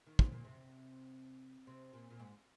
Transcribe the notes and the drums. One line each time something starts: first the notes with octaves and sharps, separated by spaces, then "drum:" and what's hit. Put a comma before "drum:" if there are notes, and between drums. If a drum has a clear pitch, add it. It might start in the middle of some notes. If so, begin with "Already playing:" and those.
D#3
C3, drum: kick
A#2
C3
C3
A#2
A#2
G#2